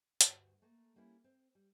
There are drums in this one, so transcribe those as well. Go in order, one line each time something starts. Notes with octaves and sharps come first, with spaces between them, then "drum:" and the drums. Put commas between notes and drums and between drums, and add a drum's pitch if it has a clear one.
D2 G2 F#4, drum: hi-hat
A3 A#3
G3 A#3 C#4 E4
C4
G3